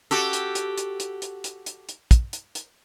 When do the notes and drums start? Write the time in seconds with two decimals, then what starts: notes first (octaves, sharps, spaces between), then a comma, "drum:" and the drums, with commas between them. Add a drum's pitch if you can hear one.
0.11 F#4 G4 A4, drum: hi-hat
0.33 drum: hi-hat
0.55 drum: hi-hat
0.78 drum: hi-hat
1.00 drum: hi-hat
1.22 drum: hi-hat
1.44 drum: hi-hat
1.66 drum: hi-hat
1.89 drum: hi-hat
2.11 drum: kick, hi-hat
2.33 drum: hi-hat
2.55 drum: hi-hat